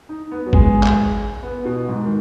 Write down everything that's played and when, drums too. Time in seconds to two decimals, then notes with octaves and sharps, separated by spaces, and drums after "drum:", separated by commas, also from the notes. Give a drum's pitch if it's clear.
0.09 D#4
0.31 B3
0.46 F#3
0.53 G#3, drum: kick G1
0.83 drum: clap
1.43 B3
1.65 B2
1.88 G#2
2.04 D#3